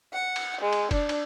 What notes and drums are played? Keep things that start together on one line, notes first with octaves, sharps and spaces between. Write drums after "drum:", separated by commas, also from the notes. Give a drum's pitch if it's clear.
F#5
drum: cymbal
G#3
drum: cymbal
D4, drum: kick, cymbal
drum: cymbal